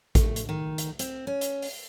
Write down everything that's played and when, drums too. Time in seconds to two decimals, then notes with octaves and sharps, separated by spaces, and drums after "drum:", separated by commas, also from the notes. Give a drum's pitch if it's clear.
0.15 A3, drum: kick A1, hi-hat
0.36 drum: hi-hat
0.49 D#3
0.78 drum: hi-hat
0.99 C4, drum: hi-hat
1.27 C#4
1.41 drum: hi-hat
1.62 drum: open hi-hat